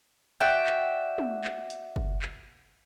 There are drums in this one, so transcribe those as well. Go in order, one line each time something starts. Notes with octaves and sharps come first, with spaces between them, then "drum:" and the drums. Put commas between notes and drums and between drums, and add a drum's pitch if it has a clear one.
F#4 D5 E5 G5
drum: clap
drum: tom
drum: clap
drum: hi-hat
drum: kick
drum: clap